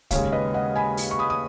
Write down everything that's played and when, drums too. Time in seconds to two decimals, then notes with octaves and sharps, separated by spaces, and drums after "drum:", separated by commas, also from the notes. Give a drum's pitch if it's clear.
0.11 D#2 C#3 G#3 C#5 F5, drum: kick, hi-hat
0.32 B4 D#5
0.54 D#5 F#5
0.76 G#5 B5
0.97 drum: open hi-hat
1.11 C#6
1.19 B5 D#6
1.30 D#6